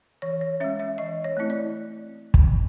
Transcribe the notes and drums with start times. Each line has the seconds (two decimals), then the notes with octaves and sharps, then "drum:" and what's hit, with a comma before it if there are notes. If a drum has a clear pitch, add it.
0.22 E3 C#5
0.41 C#5
0.60 G#3 C#4 E5
0.79 E5
0.98 E3 D#5
1.24 C#5
1.37 A3 C4 E4
1.50 D5
2.34 drum: kick